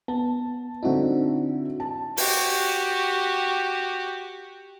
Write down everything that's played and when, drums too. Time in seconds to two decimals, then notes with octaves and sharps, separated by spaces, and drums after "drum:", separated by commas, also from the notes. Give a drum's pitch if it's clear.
0.08 B3 A5
0.83 D3 C4 D#4 E4 F#4
1.80 A5
2.17 F#4 G4, drum: open hi-hat